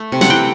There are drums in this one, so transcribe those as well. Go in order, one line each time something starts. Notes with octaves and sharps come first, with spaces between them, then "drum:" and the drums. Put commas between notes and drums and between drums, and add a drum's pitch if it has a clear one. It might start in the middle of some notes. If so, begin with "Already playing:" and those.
Already playing: A3
C3
F#5, drum: snare
E3 G5